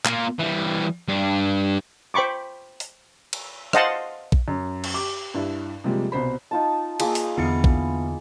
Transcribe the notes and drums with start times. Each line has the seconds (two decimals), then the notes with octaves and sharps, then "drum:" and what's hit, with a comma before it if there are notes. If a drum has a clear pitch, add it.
0.05 A#3 F4, drum: clap
0.39 E3 G3
1.08 G2 D4
2.14 C5 G5 B5 C#6 D6
2.80 drum: open hi-hat
3.33 drum: cymbal
3.73 C5 D#5 F5 F#5 A5 C6, drum: rim click
4.32 drum: kick A#1
4.48 F#2
4.84 drum: cymbal
4.94 G4 D6
5.34 G2 D4 E4
5.84 C3 F3 G3 G#3 A#3
6.12 C2 B2 C5 B5
6.51 D#4 F4 A5
7.00 A#3 F4 G#4, drum: cymbal
7.15 drum: open hi-hat
7.38 E2 D3 B3 E4 C#7
7.64 drum: kick A#1